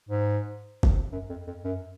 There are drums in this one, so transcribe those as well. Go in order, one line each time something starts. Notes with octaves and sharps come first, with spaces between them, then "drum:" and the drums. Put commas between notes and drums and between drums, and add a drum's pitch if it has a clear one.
G#2
drum: kick F#1
F#2
F2
F2
F#2